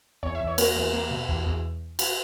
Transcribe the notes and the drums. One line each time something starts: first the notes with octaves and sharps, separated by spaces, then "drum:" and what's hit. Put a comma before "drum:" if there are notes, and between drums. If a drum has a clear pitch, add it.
E2 C#5
E5
E2
C#5
A#3 A#4, drum: cymbal
E2
A#3
B2
E2
E2
drum: cymbal